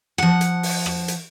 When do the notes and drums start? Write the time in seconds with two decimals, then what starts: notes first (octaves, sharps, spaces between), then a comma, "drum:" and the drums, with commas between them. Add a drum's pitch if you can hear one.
0.18 F3 F#5, drum: rim click
0.41 drum: hi-hat
0.63 drum: open hi-hat
0.86 drum: rim click
1.08 drum: hi-hat